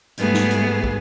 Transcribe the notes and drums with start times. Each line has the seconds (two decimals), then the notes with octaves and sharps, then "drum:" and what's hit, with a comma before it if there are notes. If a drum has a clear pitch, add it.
0.17 G#2 G3 A3 B3 G#4, drum: hi-hat
0.34 drum: snare
0.51 drum: hi-hat
0.84 drum: kick